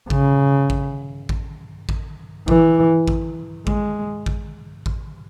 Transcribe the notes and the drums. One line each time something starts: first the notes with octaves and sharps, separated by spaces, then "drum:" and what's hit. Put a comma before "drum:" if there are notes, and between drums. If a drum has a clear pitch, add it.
C#3, drum: kick A1
drum: kick A1
drum: kick A1
drum: kick A1
E3, drum: kick A1
drum: kick A1
G#3, drum: kick A1
drum: kick A1
drum: kick A1